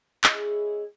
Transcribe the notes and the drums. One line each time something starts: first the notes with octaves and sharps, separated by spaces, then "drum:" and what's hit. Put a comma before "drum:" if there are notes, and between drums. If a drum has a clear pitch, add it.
G#3 C#4 E4 G#4, drum: clap